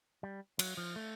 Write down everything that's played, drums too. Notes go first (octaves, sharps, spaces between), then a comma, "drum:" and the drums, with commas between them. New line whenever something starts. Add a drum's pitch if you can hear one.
G3
F#3, drum: cymbal
F3
A3